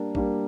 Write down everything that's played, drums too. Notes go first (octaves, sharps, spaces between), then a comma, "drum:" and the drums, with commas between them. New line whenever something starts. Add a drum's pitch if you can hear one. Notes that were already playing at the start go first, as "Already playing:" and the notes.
Already playing: G3 A#3 D4
G3 A#3 D4, drum: kick